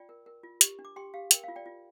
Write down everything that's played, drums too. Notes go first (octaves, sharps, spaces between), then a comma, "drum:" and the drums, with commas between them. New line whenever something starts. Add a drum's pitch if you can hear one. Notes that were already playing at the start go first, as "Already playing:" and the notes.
Already playing: F4 D5 G5
A#4
A#4
F4
G4, drum: hi-hat
D4
D6
G4 G5 C6
G4 F5
A#4 G5, drum: hi-hat
F4 F5
D5 G5
F4